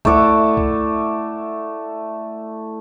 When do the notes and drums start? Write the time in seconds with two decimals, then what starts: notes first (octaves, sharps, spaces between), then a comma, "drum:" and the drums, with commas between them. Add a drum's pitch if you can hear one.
0.05 A3 E4 D5 F#5, drum: kick C2
0.57 drum: kick C2